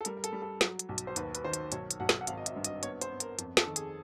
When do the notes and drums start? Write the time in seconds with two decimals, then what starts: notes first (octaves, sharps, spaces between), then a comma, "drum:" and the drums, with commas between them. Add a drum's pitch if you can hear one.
0.01 A4
0.05 G3 A#4, drum: hi-hat
0.17 A#4
0.24 A4, drum: hi-hat
0.33 G3
0.42 A4
0.61 F#3, drum: snare
0.79 drum: hi-hat
0.89 B1
0.98 drum: hi-hat
1.07 C5
1.16 D#2 B4, drum: hi-hat
1.35 B4, drum: hi-hat
1.44 D#3 C5
1.53 drum: hi-hat
1.72 B1 C#5, drum: hi-hat
1.91 drum: hi-hat
2.00 B1 F#5
2.09 drum: snare
2.21 F#5
2.27 G#1 F5, drum: hi-hat
2.37 D#5
2.46 E5, drum: hi-hat
2.56 G2
2.64 D#5, drum: hi-hat
2.83 B3 C#5, drum: hi-hat
3.01 C5, drum: hi-hat
3.11 B3
3.20 A#4, drum: hi-hat
3.39 F2, drum: hi-hat
3.57 A4, drum: snare
3.66 D#3
3.76 G#4, drum: hi-hat